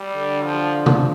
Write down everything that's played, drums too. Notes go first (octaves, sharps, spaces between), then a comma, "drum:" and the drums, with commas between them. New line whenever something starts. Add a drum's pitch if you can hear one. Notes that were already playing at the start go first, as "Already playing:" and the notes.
Already playing: G3
D3
F3
F3
drum: tom